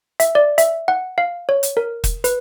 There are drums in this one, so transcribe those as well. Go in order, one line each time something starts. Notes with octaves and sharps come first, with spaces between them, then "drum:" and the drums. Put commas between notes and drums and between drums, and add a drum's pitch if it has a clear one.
E5, drum: hi-hat
D5
E5, drum: hi-hat
F#5
F5
C#5
drum: hi-hat
A#4
drum: kick, hi-hat
B4, drum: hi-hat